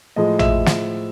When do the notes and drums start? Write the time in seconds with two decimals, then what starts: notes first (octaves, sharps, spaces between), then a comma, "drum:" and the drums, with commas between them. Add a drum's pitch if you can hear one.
0.16 A2 F3 G#3 D#5
0.39 E5, drum: tom A1
0.66 drum: snare